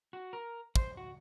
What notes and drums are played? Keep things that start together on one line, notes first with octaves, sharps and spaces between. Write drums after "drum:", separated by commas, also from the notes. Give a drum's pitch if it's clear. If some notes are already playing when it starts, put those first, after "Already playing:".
F#4
A#4
C5, drum: kick
F#4